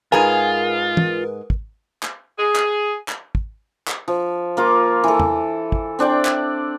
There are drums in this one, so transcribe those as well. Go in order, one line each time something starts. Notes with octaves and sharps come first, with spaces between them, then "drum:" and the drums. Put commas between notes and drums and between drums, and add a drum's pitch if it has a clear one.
G#2 F4 G#4 A#4 B4 G#5
drum: tom
drum: kick
drum: clap
G#4
drum: clap
drum: clap
drum: kick
drum: clap
F3
A#3 F4 D6
E3 A4
drum: tom
drum: kick
C4 D4 D5 G5
drum: clap